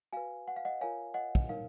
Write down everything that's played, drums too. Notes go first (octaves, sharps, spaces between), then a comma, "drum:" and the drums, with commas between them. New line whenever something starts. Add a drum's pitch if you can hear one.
F#4 B4 F5 G#5
F#5
F5
D#5 F#5
F4 A#4 C#5 F5 G#5
D#5 F#5
drum: kick
D#4 A#4 C#5 F5